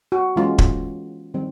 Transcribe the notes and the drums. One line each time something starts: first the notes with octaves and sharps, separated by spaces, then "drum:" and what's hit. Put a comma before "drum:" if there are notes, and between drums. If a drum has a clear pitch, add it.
F#4
E3 G#3 C#4 F4
drum: kick
D#3 G3 C4